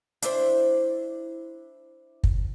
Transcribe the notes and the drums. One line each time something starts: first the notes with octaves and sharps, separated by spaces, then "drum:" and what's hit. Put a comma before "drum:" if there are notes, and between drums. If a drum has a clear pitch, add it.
D4 E4 C5, drum: hi-hat
drum: kick